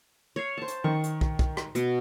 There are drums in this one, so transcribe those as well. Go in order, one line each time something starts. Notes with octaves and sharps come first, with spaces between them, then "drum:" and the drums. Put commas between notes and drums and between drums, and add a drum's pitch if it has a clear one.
C#5 F5
C5 A5
drum: hi-hat
D#3 C#6
drum: hi-hat
drum: kick
drum: kick
drum: rim click
B2, drum: hi-hat